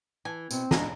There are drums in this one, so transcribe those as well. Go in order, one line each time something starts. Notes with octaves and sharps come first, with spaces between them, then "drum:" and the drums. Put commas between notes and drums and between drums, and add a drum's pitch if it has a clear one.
E3 G#5
B2 C4, drum: tambourine
B2 G#3 D4 D#4 G#4 A#5, drum: snare